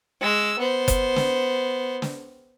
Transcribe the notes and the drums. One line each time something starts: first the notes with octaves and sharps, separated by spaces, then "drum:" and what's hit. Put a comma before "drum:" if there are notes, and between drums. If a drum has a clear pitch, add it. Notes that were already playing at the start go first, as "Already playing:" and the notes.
G#3 E6
B3 C5
drum: kick F#1, hi-hat
drum: snare
drum: snare